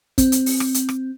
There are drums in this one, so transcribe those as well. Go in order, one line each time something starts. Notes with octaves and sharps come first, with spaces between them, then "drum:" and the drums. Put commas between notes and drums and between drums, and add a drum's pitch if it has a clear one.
C4, drum: kick, hi-hat
drum: hi-hat
drum: open hi-hat
drum: rim click
drum: hi-hat
drum: rim click